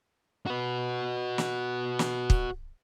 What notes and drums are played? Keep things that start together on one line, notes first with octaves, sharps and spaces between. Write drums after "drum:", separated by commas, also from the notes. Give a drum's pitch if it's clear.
F#4 B4
drum: snare
drum: snare
drum: kick